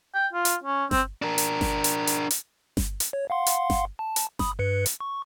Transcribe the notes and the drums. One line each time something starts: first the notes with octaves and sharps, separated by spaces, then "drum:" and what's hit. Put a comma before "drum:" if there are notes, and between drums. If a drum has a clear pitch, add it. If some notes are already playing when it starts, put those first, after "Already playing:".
G5
F4
drum: hi-hat
C#4
C4, drum: snare G1
D4 A#4
drum: hi-hat
drum: snare G1
drum: hi-hat
drum: hi-hat
drum: hi-hat
drum: snare G1
drum: hi-hat
C#5
F5 F#5 C6
drum: hi-hat
drum: snare G1
A5
drum: hi-hat
B5 D#6, drum: snare G1
G2 B4 C#7
drum: hi-hat
C#6